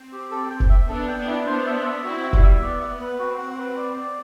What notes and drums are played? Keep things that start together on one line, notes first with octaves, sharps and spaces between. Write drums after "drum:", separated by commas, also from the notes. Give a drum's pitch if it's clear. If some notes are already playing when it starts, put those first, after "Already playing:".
Already playing: C4
G4
A4
G5
drum: kick F1
E5
B3 D4 A4
G5
B3 D4
E4
B3 D4 C5
E5
E5
C4 E4 F#4
E5
G3, drum: kick F1
E5
B3 D5
F#5
B4
C4 F#4
F#5
B4
D5
D5